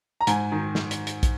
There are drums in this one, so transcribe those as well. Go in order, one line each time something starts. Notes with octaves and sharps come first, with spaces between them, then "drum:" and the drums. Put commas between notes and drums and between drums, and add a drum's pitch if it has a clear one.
A#5
G#2 G#5, drum: hi-hat
D#3
drum: snare
drum: hi-hat
drum: hi-hat
drum: kick, hi-hat